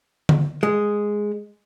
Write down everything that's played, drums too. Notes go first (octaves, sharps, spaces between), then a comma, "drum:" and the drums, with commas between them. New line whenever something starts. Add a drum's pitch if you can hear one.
drum: tom D3
G#3